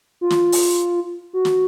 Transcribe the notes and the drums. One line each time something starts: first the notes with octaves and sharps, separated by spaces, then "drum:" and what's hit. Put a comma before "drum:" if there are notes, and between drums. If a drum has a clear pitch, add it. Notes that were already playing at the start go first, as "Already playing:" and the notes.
F4
drum: snare
drum: open hi-hat
F#4
drum: snare